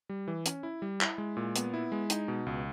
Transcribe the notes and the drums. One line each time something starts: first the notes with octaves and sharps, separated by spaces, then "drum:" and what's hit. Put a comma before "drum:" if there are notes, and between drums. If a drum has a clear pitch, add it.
G3
E3
C#4, drum: hi-hat
E4
G3
E4, drum: clap
G#3
A#2
B3, drum: hi-hat
E4
G#3
D#4, drum: hi-hat
B2
C#2